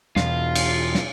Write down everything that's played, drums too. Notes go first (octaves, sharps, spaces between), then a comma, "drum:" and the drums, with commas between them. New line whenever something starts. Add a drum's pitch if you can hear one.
E2 B2 F4, drum: snare
drum: cymbal
drum: snare